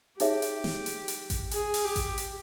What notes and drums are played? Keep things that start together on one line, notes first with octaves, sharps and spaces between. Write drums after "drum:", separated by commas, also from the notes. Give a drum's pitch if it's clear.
D#4 G4 G#4 C#5 E5, drum: hi-hat
drum: hi-hat
drum: snare
drum: hi-hat
drum: hi-hat
drum: kick A1, hi-hat
G#4, drum: hi-hat
drum: open hi-hat
G4
drum: kick A1, hi-hat
drum: hi-hat